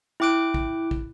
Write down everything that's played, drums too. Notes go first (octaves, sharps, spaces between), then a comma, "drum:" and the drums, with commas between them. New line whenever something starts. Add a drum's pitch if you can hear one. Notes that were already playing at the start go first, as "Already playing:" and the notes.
E4 G5 D6 F#6 D7
drum: kick
drum: kick